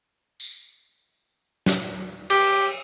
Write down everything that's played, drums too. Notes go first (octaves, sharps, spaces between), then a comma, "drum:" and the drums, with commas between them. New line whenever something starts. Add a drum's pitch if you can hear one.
drum: tambourine
drum: snare
G4, drum: cymbal